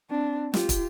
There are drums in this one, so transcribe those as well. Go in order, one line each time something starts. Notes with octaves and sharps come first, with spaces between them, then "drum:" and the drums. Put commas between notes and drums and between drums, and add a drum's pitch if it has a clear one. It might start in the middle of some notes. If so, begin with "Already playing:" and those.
C4 D4
F4 G4, drum: snare
drum: kick, hi-hat